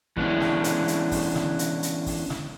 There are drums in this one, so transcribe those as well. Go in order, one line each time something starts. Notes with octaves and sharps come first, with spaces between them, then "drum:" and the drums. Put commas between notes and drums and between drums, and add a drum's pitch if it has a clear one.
E3 G#3 B3 C#4 D4 E4, drum: kick
drum: snare
drum: hi-hat
drum: hi-hat
drum: kick, open hi-hat
drum: snare
drum: hi-hat
drum: hi-hat
drum: kick, open hi-hat
drum: snare